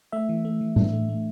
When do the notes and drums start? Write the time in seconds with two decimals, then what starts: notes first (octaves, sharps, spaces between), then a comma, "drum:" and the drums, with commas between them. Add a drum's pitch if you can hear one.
0.12 A3 E5
0.29 E3
0.45 A3
0.61 E3
0.76 D4, drum: tom A2
0.93 A3
1.09 A3